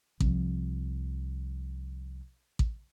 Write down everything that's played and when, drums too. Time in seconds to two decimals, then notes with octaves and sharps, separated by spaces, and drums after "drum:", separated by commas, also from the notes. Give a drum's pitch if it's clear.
0.20 C2 F3, drum: kick A1
2.59 drum: kick A1